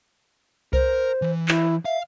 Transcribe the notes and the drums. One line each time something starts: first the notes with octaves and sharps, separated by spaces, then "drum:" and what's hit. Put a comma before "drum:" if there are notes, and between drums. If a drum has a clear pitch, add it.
A#4 C5, drum: kick C2
E3
E4, drum: clap
E5 F5